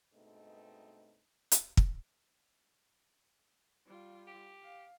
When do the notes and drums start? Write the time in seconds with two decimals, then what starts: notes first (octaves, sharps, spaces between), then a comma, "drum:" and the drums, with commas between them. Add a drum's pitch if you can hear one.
0.13 G2 B2 G#3 A3 C4 D#4
1.52 drum: hi-hat
1.77 drum: kick
3.86 G3 F4
4.27 G4
4.63 F5